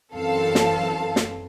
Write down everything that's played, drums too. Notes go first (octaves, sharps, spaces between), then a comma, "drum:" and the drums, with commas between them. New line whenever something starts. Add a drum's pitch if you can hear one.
F#2 E3 C4 A4 F5 A5
drum: snare
drum: snare